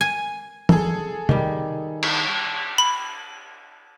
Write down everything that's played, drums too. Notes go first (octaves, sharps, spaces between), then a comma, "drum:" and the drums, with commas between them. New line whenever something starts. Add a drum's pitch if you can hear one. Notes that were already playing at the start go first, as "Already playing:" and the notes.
G#5
G#4 A4, drum: tom
D#3 G3, drum: tom
drum: cymbal
B5